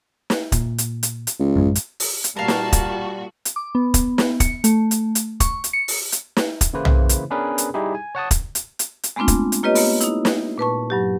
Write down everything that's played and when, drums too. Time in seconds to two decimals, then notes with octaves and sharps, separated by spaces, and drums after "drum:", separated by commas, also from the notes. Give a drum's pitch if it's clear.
0.30 drum: snare
0.52 A#2, drum: kick, hi-hat
0.78 drum: hi-hat
1.03 drum: hi-hat
1.27 drum: hi-hat
1.40 C#2
1.56 A1 F#2 G#3
1.75 drum: hi-hat
2.00 drum: open hi-hat
2.24 drum: hi-hat
2.36 A#2 G3 F#4 A#4 F5 A5
2.48 drum: snare
2.73 drum: kick, hi-hat
3.45 drum: hi-hat
3.56 D6
3.75 B3
3.94 drum: kick, hi-hat
4.18 drum: snare
4.40 C#7, drum: kick, hi-hat
4.64 A3, drum: hi-hat
4.91 drum: hi-hat
5.15 drum: hi-hat
5.40 C#6, drum: kick, hi-hat
5.64 drum: hi-hat
5.73 C#7
5.88 drum: open hi-hat
6.12 drum: hi-hat
6.37 drum: snare
6.61 drum: kick, hi-hat
6.73 C#3 E3 A#3 E4 B4 C5
6.85 drum: tom
7.09 drum: hi-hat
7.30 B3 C#4 D4 G#4 A#4 B4
7.58 drum: hi-hat
7.74 G3 D#4 E4 G4 G#4
7.95 G#5
8.15 C#5 F#5 A5 D#6
8.31 drum: kick, hi-hat
8.55 drum: hi-hat
8.79 drum: hi-hat
9.03 drum: hi-hat
9.16 G#3 A3 B3 C4 D4 F4
9.28 drum: kick, hi-hat
9.52 drum: hi-hat
9.63 A#3 F4 G4 B4 C#5 D#5
9.75 A#3 B3, drum: open hi-hat
10.01 D#4 E4, drum: hi-hat
10.25 drum: snare
10.58 A#2 B4 A5 C#6
10.90 G2 F#3 G4